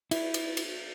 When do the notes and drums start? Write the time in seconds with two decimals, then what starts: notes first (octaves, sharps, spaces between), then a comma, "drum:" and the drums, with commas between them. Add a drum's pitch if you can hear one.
0.11 E4, drum: cymbal
0.34 drum: cymbal
0.57 drum: cymbal